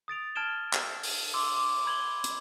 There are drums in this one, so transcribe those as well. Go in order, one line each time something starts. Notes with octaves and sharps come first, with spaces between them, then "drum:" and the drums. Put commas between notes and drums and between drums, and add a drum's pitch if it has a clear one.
D#6 A6 D7 F7
A5 F6 G#6 D7 E7 G7
E6, drum: clap
drum: open hi-hat
C6 D6 E6 G7
D6
B5 G#6 F#7 G7
drum: hi-hat